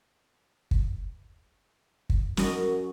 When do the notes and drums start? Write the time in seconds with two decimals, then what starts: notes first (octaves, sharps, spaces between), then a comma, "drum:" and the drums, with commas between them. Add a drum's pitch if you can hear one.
0.71 drum: kick
2.10 drum: kick
2.37 F#2 F#4 D#5, drum: snare